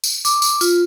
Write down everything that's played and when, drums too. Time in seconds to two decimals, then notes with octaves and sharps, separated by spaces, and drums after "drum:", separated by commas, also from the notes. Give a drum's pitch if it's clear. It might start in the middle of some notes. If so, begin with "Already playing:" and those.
0.04 drum: tambourine
0.25 D6, drum: tambourine
0.42 drum: tambourine
0.61 F4, drum: tambourine